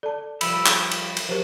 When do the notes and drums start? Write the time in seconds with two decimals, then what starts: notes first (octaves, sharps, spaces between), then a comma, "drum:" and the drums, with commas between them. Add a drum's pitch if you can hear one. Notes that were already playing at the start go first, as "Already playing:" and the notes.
0.03 A4 D5 A5
0.41 F3 G3 E5 B5, drum: cymbal
0.66 drum: clap
0.91 drum: cymbal
1.17 drum: cymbal
1.29 F#3 G4 A#4 C5